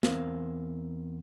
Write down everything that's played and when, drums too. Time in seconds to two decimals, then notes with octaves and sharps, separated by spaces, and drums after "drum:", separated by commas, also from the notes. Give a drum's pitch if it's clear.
0.03 E2 C4 A#4 C5 F5, drum: snare